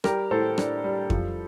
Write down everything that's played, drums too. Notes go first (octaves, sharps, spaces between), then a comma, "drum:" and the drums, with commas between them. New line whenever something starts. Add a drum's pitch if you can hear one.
G3 G4 A#4, drum: rim click
A2 A4 C5
D4, drum: rim click
G3
F3, drum: kick F2